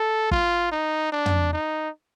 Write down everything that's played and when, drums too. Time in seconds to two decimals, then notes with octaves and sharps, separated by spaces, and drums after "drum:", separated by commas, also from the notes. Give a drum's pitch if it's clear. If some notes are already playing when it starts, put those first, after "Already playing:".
Already playing: A4
0.31 F4, drum: kick
0.72 D#4
1.12 D4
1.26 drum: tom
1.53 D#4